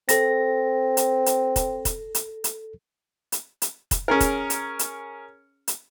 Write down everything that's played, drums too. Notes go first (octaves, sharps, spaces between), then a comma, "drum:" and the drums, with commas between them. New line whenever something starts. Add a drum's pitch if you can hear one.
C4 A4 A#6, drum: hi-hat
drum: hi-hat
drum: hi-hat
drum: kick, hi-hat
drum: kick, hi-hat
drum: hi-hat
drum: hi-hat
drum: hi-hat
drum: hi-hat
drum: kick, hi-hat
C#4 G#4 A#4
drum: kick, hi-hat
drum: hi-hat
drum: hi-hat
drum: hi-hat